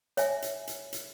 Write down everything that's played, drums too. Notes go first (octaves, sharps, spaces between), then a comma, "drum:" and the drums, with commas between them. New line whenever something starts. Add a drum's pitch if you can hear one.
C#5 E5 G#5, drum: hi-hat
drum: hi-hat
drum: hi-hat
drum: hi-hat